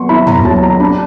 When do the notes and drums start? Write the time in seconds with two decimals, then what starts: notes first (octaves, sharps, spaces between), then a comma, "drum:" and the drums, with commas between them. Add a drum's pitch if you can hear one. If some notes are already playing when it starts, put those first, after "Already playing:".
Already playing: F#3 B3 C6 C#6
0.09 E4 B5
0.27 A#5, drum: tom
0.45 F#3 A5
0.63 A#5
0.80 D4 B5